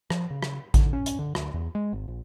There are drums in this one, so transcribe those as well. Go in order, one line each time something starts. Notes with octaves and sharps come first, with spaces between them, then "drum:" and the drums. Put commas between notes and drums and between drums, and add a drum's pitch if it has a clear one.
F3, drum: rim click
C#3
drum: rim click
D3, drum: kick A1, hi-hat
C#4
drum: hi-hat
D3
D2, drum: rim click
E2
G#3
G#1
A#1